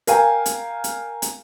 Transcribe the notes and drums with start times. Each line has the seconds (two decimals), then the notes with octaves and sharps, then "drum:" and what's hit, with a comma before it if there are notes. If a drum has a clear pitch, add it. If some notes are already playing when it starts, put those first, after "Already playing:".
0.07 A#4 F5 G5 G#5, drum: hi-hat
0.46 drum: hi-hat
0.84 drum: hi-hat
1.22 drum: hi-hat